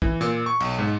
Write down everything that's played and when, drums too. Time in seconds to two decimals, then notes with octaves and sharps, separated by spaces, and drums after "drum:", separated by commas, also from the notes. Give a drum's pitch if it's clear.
0.02 E3, drum: kick
0.21 A#2, drum: hi-hat
0.46 C#6
0.60 B1, drum: cymbal
0.78 G#2